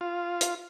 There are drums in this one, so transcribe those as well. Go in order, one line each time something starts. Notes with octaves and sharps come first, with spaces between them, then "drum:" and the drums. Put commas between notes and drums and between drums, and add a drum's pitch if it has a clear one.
F4
drum: hi-hat